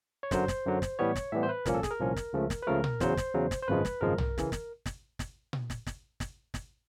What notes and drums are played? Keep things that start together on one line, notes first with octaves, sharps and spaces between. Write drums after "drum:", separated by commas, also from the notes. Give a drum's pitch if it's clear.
C#5
F#2 D3 F#3 C5, drum: snare
drum: snare
F#2 D3 F#3
drum: snare
A2 E3 G3 B3 C#5
drum: snare
A2 E3 G3 B3 E5
C5
B4
C2 A#2 F3 A#3 C#4 A#4, drum: snare
A4
G#4, drum: snare
A#4
C2 A#2 F3 A#3 C#4
drum: snare
C#2 C#3 F3 A3
drum: snare
B4
C#2 C#3 F3 A3 A#4
drum: tom A#2
E2 C#3 F#3 C5, drum: snare
drum: snare
E2 C#3 F#3
drum: snare
C5
G#1 F#2 C#3 F3 G#3 B4
drum: snare
G#1 F#2 C#3 F3 G#3 A#4
drum: tom
C#3 E3, drum: snare
drum: snare
drum: snare
drum: snare
drum: tom A#2
drum: snare
drum: snare
drum: snare
drum: snare